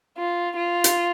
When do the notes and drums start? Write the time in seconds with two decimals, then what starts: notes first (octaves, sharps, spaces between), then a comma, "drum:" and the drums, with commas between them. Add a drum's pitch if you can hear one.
0.18 F4
0.57 F4
0.84 drum: hi-hat